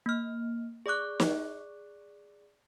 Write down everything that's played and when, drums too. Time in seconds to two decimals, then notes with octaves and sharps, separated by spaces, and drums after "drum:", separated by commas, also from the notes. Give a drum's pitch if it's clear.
0.06 A#3 F6
0.86 G#4 D5 C#6 D6 F#6
1.20 drum: snare